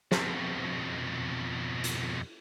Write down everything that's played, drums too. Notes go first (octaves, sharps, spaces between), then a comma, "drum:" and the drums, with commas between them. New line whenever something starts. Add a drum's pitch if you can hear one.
F2 B2, drum: snare
drum: hi-hat